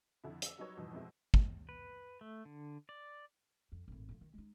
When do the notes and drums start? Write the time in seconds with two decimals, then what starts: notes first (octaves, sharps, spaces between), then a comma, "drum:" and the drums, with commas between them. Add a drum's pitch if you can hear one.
0.24 F2 D3 E4
0.42 D5 E6, drum: hi-hat
0.58 F#3 G3 D#4 B4 C#5
0.77 E2 G2 B2 E3 F3 D#4
0.93 F2 B2 G#3 C4 E4
1.34 drum: kick
1.69 B4
2.21 A3
2.45 D3
2.89 D5
3.72 F2
3.88 G#1 A2
4.09 A2 F3
4.21 D#3
4.34 G#3 D#4